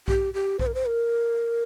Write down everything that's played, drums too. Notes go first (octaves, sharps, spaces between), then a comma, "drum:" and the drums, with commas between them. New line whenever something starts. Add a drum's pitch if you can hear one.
G4, drum: kick B1
G4
C5, drum: kick B1
A#4
C5
A#4